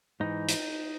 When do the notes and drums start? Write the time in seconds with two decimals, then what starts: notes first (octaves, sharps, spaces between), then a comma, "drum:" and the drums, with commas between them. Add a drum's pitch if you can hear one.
0.20 G#2 E3 D#4
0.49 drum: hi-hat